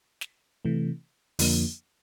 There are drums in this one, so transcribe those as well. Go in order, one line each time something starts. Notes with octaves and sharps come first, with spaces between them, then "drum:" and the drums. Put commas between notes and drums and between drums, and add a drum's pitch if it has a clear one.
drum: snare
C3 E3 A3
F2 D3 F3 A#3 D4, drum: open hi-hat